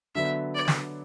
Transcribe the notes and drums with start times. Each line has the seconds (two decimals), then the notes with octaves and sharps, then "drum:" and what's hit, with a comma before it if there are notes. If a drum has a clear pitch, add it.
0.15 D3 F#3 B3 E5
0.55 D5
0.68 drum: snare